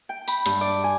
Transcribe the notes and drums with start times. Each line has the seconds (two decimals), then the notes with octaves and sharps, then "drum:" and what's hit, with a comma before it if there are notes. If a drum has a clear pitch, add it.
0.09 G5
0.28 B5, drum: tambourine
0.46 G2, drum: hi-hat
0.61 D5
0.84 G#5